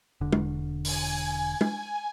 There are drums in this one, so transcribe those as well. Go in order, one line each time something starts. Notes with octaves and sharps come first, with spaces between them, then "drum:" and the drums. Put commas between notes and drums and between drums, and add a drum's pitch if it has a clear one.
E1 D3
drum: tom
G#5, drum: open hi-hat
drum: tom